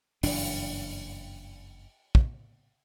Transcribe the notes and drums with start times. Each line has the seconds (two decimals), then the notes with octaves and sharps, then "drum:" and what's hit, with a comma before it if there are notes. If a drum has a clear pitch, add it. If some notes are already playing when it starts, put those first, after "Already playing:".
0.23 F#1 G2 E3 D4, drum: open hi-hat
2.15 drum: kick